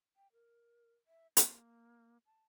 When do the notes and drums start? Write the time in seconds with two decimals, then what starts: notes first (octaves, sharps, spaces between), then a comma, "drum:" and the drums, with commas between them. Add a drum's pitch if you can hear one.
0.16 G5
0.33 A#4
1.07 E5
1.37 A#3, drum: hi-hat
2.26 A5